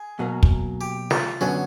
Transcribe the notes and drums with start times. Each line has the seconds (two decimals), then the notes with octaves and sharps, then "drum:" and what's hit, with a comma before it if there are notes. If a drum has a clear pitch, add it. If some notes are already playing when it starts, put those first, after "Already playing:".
Already playing: G#4
0.19 B2 F#3 A#3
0.43 drum: kick
0.81 G4
1.11 F4, drum: snare
1.41 F#2 D3 F#3 B3 C#4